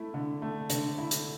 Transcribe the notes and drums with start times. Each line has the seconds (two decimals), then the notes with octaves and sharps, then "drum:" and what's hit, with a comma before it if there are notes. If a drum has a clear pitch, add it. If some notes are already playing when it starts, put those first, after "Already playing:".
Already playing: A3 E4
0.14 D3
0.42 A3
0.70 D3, drum: hi-hat
0.98 E4
1.11 drum: hi-hat